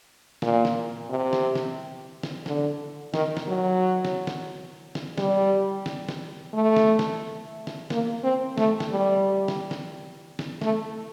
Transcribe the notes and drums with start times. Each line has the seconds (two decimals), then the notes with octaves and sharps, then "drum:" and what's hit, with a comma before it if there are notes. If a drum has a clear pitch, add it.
0.42 A#2, drum: snare
0.65 drum: snare
1.10 C3
1.33 drum: snare
1.55 drum: snare
2.23 drum: snare
2.46 D3, drum: snare
3.14 D#3, drum: snare
3.37 drum: snare
3.47 F#3
4.05 drum: snare
4.27 drum: snare
4.95 drum: snare
5.18 G3, drum: snare
5.86 drum: snare
6.09 drum: snare
6.53 A3
6.77 drum: snare
6.99 drum: snare
7.67 drum: snare
7.90 A#3, drum: snare
8.24 C4
8.58 A3, drum: snare
8.80 drum: snare
8.91 G3
9.48 drum: snare
9.71 drum: snare
10.39 drum: snare
10.62 A3, drum: snare